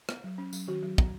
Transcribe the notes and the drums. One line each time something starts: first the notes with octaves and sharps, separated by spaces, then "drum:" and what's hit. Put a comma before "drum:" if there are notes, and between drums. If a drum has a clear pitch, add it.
B3, drum: rim click
F#3
C#4
F#3, drum: tambourine
D#3 F#4
F#3
B3, drum: kick